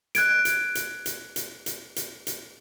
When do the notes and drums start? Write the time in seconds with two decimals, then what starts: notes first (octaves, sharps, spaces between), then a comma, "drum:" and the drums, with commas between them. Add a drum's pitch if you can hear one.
0.15 F#6 G#6 D7, drum: hi-hat
0.45 drum: hi-hat
0.75 drum: hi-hat
1.06 drum: hi-hat
1.36 drum: hi-hat
1.66 drum: hi-hat
1.96 drum: hi-hat
2.27 drum: hi-hat